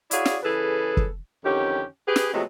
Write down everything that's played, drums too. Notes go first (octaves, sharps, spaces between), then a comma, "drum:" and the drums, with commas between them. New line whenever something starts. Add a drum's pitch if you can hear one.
E4 F#4 G#4 C#5 D5 F5, drum: hi-hat
drum: snare
C#3 E3 G#4 A4 B4
drum: kick
F2 D3 D#3 C#4 G4
G4 G#4 B4
drum: snare
C3 F3 F#3 G#3 A3 B3